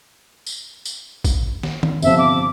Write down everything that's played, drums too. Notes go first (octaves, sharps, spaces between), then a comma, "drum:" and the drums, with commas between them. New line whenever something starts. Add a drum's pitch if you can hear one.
drum: tambourine
drum: tambourine
drum: kick A1, tambourine
drum: snare
drum: tom D#3
G1 C3 F3 E5, drum: tambourine
D6